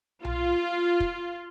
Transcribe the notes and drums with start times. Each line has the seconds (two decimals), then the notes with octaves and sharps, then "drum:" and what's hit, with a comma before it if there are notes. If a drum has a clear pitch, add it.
0.25 F4, drum: tom B1
1.00 drum: kick